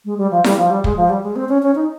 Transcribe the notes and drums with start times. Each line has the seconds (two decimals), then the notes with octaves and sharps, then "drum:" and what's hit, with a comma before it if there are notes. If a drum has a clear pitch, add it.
0.05 G#3
0.18 G3
0.31 F3
0.44 G3, drum: snare E4
0.58 F3
0.71 G3
0.84 G#3, drum: kick
0.97 F3
1.10 G3
1.23 G#3
1.36 C4
1.49 C#4
1.63 C#4
1.75 D#4